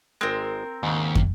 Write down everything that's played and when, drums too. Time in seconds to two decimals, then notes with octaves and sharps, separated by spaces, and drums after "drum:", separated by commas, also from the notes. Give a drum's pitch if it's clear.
0.21 G#1 G#3 C4 A#4
0.83 D#2 G#2 C#3
1.16 drum: kick